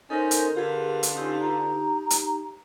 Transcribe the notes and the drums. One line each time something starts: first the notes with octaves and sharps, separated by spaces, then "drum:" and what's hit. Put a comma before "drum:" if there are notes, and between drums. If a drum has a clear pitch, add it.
C#4 D#4 A4 A#4 C5
drum: hi-hat
D3 F4 G4 G#4 A#4 B4
drum: hi-hat
C#4 D#4 G4 C6 E6
A#5
drum: hi-hat